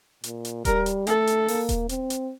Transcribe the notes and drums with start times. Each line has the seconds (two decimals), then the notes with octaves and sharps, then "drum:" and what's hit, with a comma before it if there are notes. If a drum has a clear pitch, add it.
0.24 A#2, drum: hi-hat
0.45 drum: hi-hat
0.65 G3 A#4, drum: kick D#1, hi-hat
0.86 drum: hi-hat
1.07 A3 A4, drum: hi-hat
1.27 drum: hi-hat
1.48 A#3, drum: open hi-hat
1.69 drum: kick D#1, hi-hat
1.89 C4, drum: hi-hat
2.10 drum: hi-hat